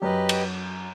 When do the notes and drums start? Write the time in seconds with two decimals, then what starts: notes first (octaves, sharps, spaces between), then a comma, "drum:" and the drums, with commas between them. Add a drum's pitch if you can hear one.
0.01 F#2 G4 B4 D#5
0.29 drum: cymbal